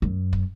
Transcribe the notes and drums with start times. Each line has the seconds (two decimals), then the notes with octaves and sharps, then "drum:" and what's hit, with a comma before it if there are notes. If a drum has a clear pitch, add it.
0.02 F#2
0.33 drum: kick